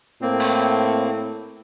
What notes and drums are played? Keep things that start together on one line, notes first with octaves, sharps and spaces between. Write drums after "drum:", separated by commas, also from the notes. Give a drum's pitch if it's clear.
A2 A#3 C4
drum: open hi-hat